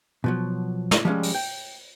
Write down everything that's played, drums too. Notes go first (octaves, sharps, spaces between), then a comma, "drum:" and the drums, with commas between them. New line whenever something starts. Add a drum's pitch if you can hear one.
B2 F3 F#3
drum: snare
F3 G3 G#3 C#4
drum: open hi-hat
G5